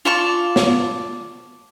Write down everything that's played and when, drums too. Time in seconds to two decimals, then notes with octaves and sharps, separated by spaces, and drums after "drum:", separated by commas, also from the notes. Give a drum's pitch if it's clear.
0.05 F4 D5 A5 C#6
0.56 drum: snare